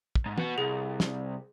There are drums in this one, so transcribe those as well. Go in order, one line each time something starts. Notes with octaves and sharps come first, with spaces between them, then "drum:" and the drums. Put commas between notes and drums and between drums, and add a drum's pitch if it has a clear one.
drum: kick
G#2
B3 F#4, drum: tom
C2 G#4
drum: snare